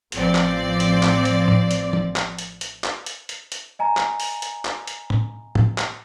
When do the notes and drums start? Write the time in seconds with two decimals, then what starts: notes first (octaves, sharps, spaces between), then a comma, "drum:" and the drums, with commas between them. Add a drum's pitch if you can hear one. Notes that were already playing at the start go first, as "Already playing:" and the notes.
0.12 A1 F3 C4 D5, drum: hi-hat
0.35 drum: clap
0.80 drum: hi-hat
1.03 drum: clap
1.25 drum: hi-hat
1.48 drum: tom A2
1.71 drum: hi-hat
1.93 drum: tom
2.16 drum: clap
2.39 drum: hi-hat
2.61 drum: hi-hat
2.84 drum: clap
3.06 drum: hi-hat
3.29 drum: hi-hat
3.52 drum: hi-hat
3.79 D#5 G#5 A#5
3.97 drum: clap
4.20 drum: open hi-hat
4.42 drum: hi-hat
4.65 drum: clap
4.87 drum: hi-hat
5.10 drum: tom A2
5.55 drum: tom
5.78 drum: clap